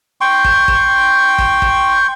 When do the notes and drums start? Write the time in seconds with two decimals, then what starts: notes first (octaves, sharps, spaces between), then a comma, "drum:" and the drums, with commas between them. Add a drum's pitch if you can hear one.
0.21 G5 C6 C#6
0.44 drum: kick
0.68 drum: kick
1.38 drum: kick
1.62 drum: kick